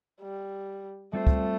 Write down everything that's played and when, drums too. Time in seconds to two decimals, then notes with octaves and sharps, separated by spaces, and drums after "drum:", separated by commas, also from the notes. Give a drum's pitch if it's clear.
0.21 G3
1.13 G3 A3 C4 F4 C5
1.27 drum: kick